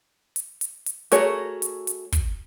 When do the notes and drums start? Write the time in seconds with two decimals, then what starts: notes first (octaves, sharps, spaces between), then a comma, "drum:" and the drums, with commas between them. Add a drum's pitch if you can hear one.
0.36 drum: hi-hat
0.61 drum: hi-hat
0.86 drum: hi-hat
1.12 A3 F#4 G#4 A#4 C#5, drum: hi-hat
1.62 drum: hi-hat
1.87 drum: hi-hat
2.12 drum: kick, hi-hat